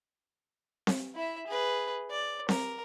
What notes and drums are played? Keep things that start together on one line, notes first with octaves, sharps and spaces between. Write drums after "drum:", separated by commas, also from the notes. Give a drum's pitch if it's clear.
drum: snare C4
E4 E5
G#4 B4
D5
A#4, drum: snare C4